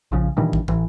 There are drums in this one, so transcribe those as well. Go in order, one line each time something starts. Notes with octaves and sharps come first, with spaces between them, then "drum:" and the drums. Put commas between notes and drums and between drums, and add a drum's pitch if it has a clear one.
A#1 C#3 F3
G2 A#2 D#3 E3
drum: kick
A1 E3, drum: kick